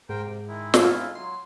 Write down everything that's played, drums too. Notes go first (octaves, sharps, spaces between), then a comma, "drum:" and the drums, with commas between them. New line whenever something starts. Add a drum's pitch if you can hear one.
G#2 A#4 C5 G5
C3
D#3 G#3 E4
drum: snare
F4
F#3 C6